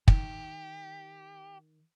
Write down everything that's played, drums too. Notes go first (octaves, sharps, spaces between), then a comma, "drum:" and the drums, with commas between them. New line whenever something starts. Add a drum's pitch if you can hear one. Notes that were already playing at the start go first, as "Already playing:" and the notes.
D#3 G4, drum: kick